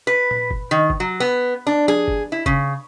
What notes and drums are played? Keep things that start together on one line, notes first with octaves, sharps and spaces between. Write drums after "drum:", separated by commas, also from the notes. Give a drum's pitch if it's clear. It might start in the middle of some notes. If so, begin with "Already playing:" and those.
B4
drum: tom A#2
drum: kick F#1
D#3
drum: kick F#1
F#3
B3
D4
G#4, drum: tom F3
drum: kick F#1
E4
C#3, drum: kick F#1